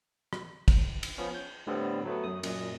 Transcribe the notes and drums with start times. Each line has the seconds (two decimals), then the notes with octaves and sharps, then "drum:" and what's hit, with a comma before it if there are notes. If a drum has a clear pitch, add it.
0.33 drum: rim click
0.68 drum: kick, cymbal
1.03 drum: cymbal
1.18 F3 B3 C#4
1.35 G6
1.67 A2 D3 G3 B3 C4
2.05 F#3 A3 B3
2.24 F#2 D#6
2.43 F#2 A#2 D#5, drum: cymbal